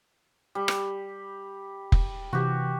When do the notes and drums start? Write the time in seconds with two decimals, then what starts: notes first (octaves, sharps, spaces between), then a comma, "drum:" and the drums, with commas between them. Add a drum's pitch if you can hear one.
0.55 G3
0.68 drum: rim click
1.92 drum: kick F1
2.33 C3 E3 F#4 G4